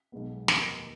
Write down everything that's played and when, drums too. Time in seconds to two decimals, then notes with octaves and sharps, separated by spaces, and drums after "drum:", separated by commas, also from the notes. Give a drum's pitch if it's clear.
0.12 B1 B2 G#3 B3
0.48 F1 D#2 D#3, drum: snare